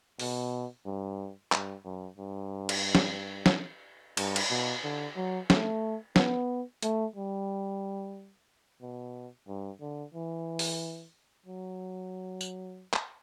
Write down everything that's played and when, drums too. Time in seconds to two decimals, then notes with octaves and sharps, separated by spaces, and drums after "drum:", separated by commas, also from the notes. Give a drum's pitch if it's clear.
0.19 B2, drum: open hi-hat
0.85 G2
1.52 G2, drum: clap
1.85 F#2
2.18 G2
2.69 drum: cymbal
2.95 drum: snare
3.46 drum: snare
4.17 G2, drum: cymbal
4.36 drum: cymbal
4.50 B2
4.84 D3
5.16 F#3
5.50 A3, drum: snare
6.16 B3, drum: snare
6.83 A3, drum: hi-hat
7.16 G3
8.81 B2
9.48 G2
9.81 D3
10.14 E3
10.59 drum: open hi-hat
11.46 F#3
12.41 drum: tambourine
12.93 drum: clap